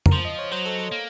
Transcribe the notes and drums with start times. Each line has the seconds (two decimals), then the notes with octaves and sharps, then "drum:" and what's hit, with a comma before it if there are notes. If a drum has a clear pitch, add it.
0.06 A#4, drum: tom
0.12 F3 C5
0.25 D#5
0.39 C#5
0.51 F#3 C5
0.66 A4
0.79 A4
0.91 A#3